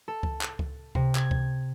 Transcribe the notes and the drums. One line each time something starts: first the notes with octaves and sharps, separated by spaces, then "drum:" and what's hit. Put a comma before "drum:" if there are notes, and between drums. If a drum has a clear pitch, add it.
A4
drum: kick C#2
drum: clap
drum: kick C#2
C3, drum: kick C#2
G#6, drum: clap
drum: kick C#2